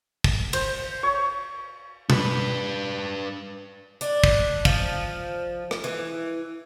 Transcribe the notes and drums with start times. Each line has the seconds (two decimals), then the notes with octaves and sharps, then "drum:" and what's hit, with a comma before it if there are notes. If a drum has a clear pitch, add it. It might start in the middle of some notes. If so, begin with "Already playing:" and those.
0.24 drum: kick
0.53 C5, drum: cymbal
1.03 C#5
2.10 D4 B4, drum: tom
4.01 D4, drum: hi-hat
4.24 drum: kick
4.65 F3, drum: kick
5.71 drum: rim click
5.84 E3